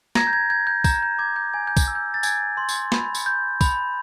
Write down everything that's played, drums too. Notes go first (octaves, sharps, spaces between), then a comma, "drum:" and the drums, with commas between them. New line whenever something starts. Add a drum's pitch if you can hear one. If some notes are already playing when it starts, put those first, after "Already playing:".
A#5 G#6 A#6, drum: snare
G6
G#6
G6 G#6
G6
A#5 G6, drum: kick, tambourine
G6
D6 G#6
G6
G#5 G#6
G6
drum: kick, tambourine
E6
G6
A6
G#5 G#6, drum: tambourine
C6
drum: tambourine
B5, drum: snare
drum: tambourine
G6
B5, drum: kick, tambourine